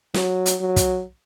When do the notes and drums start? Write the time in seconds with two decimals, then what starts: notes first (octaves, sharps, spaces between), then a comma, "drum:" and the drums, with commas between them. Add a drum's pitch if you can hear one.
0.14 F#3, drum: snare
0.46 drum: hi-hat
0.61 F#3
0.76 drum: kick, hi-hat